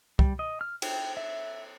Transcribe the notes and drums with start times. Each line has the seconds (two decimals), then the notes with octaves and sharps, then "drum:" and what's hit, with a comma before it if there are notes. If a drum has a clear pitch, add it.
0.19 G3, drum: kick
0.39 D#5
0.61 F6
0.82 G5, drum: cymbal
1.17 E5